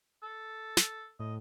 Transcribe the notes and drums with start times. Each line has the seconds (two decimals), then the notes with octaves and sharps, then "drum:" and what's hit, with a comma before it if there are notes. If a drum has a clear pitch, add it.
0.23 A4
0.77 drum: snare
1.20 A2 D#5